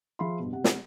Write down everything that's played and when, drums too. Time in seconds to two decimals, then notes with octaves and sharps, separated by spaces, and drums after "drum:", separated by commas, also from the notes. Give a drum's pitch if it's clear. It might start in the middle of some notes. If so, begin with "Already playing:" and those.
0.19 F3 G#4 E5 F5 B5 C6
0.39 G2 B2
0.52 C3 F#5
0.64 drum: snare